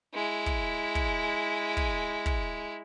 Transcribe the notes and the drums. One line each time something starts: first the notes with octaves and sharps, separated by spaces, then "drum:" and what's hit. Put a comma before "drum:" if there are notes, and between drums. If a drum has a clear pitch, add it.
G#3 E4
drum: kick
drum: kick
drum: kick
drum: kick